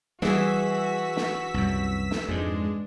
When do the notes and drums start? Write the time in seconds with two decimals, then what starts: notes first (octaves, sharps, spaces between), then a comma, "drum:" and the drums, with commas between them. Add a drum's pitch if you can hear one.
0.22 E3 G3 F#4 G#4 E6 B6, drum: snare
1.17 drum: snare
1.54 C2 F#2
2.11 drum: snare
2.29 F2 G#2 G#3 D4